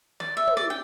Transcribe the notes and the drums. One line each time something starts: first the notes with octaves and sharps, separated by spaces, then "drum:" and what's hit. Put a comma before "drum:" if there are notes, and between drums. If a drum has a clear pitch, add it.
D5, drum: snare
E5
drum: tom
D5
G5